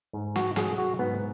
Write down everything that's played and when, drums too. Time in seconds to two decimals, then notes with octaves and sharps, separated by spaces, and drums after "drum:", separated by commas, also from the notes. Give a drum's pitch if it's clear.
0.13 G#2
0.36 F#4, drum: snare
0.56 F#3 G#4, drum: snare
0.78 F#4
0.99 G#2 B3